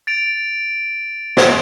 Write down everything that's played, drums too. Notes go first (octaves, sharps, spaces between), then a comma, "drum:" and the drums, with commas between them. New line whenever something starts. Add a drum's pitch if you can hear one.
A6 D7 F7
drum: snare